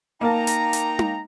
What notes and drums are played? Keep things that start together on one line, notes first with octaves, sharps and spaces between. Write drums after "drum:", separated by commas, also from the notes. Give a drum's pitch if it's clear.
A#3 D#4 A#4 G5 A5 A#5
drum: hi-hat
drum: hi-hat
drum: tom D#4